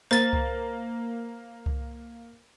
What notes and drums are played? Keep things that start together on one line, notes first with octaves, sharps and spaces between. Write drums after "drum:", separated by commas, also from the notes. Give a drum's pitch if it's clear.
A#3 C5 A6
drum: kick C2
drum: kick C2